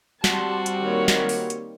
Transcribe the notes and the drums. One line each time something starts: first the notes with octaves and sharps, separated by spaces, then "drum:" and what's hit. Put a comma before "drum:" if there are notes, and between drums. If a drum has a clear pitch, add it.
G3 C4 F#4 A5 C6, drum: snare
drum: hi-hat
D#3 A#3 C#5
drum: snare
drum: open hi-hat
drum: hi-hat